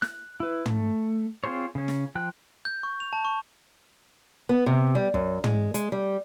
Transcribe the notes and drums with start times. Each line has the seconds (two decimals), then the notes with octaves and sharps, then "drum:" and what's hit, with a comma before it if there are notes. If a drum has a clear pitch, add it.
0.02 F#6, drum: snare
0.40 E4 B4
0.66 A3, drum: tom
1.44 C4 F4 G#4 C5 C#5
1.75 C#3 C#4
1.88 drum: snare
2.15 F3 G5 F#6
2.65 G6
2.83 C#6
3.00 F7
3.13 A5
3.25 C#6
4.49 B3
4.66 C3
4.95 G3
5.14 F#2, drum: kick
5.44 G#3, drum: tom
5.74 G#3, drum: hi-hat
5.92 G3